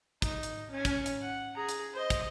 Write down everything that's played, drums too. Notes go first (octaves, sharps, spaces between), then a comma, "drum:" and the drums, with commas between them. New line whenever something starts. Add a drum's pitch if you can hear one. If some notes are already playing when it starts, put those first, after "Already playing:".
D#4, drum: kick, hi-hat
drum: hi-hat
C#4 G#5
drum: kick, hi-hat
drum: hi-hat
F#5
G#4 A#5
drum: hi-hat
C5 D#5
drum: kick, hi-hat